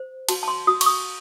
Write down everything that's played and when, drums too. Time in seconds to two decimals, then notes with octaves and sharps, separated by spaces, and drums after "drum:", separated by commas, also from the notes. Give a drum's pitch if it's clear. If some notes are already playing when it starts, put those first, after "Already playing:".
Already playing: C5
0.29 F#4 A5, drum: cymbal
0.43 A5
0.48 C6
0.67 F#4 D#6
0.81 C#6, drum: cymbal
0.86 D#6